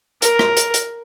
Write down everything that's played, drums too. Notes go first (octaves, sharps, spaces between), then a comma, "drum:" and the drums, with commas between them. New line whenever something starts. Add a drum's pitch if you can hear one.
A#4, drum: hi-hat
drum: rim click
drum: hi-hat
drum: hi-hat